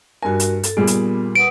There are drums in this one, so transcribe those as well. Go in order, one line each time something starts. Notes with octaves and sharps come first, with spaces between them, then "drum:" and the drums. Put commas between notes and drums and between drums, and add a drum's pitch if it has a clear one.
G2 F#4 A#4 G#5
drum: hi-hat
A4, drum: hi-hat
A#2 G3 B3 G#4
drum: hi-hat
B4 F#5 D#6 D7